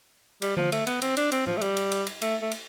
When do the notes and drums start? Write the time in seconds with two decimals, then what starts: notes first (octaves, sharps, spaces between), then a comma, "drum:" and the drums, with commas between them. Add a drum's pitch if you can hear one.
0.42 G3, drum: cymbal
0.57 F3, drum: tom D3
0.72 A3, drum: cymbal
0.87 B3, drum: cymbal
1.02 C4, drum: cymbal
1.17 D4, drum: cymbal
1.32 C4, drum: cymbal
1.47 F3, drum: tom
1.57 A3
1.61 G3, drum: cymbal
1.77 drum: cymbal
1.92 drum: cymbal
2.07 drum: cymbal
2.22 A3, drum: cymbal
2.42 A3
2.51 drum: cymbal